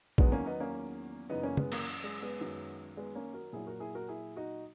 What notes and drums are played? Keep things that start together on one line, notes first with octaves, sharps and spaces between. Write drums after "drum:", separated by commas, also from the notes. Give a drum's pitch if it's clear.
E2 D#3 F#3 G#3 B3, drum: kick
A#3 C#4
B3 D#4
A#3 C#4
F#2 C#3 E3 B3 D#4
A#3 C#4
G#3 B3, drum: tom
A#3, drum: cymbal
G#3
G#3 B3
F#2 D#3 F#3
G#3 B3
A#3 C#4
F#4 A#4
A#2 F#3 E4 G#4
F#4 A#4
E4 G#4
F#4 A#4
E4 G#4
D#4 F#4